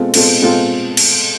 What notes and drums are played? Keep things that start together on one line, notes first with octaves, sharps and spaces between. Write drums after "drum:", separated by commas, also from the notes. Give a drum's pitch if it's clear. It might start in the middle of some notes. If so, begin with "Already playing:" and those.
Already playing: B2 G#3 C4 F4 A4
B2 G#3 C4 F4 A4, drum: cymbal
B2 G#3 C4 F4 A4
drum: cymbal